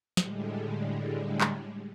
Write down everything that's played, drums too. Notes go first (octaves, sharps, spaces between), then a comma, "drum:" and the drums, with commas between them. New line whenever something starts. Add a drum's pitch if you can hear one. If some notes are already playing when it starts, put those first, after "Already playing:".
A2 D3 G3 G#3, drum: snare
drum: clap